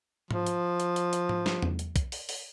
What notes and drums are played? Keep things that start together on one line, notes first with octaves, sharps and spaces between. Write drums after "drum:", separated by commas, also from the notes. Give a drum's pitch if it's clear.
F3, drum: tom G#2
drum: hi-hat
drum: hi-hat
drum: hi-hat
drum: hi-hat
drum: tom G#2
drum: snare
drum: tom E2
drum: hi-hat
drum: kick, hi-hat
drum: open hi-hat
drum: open hi-hat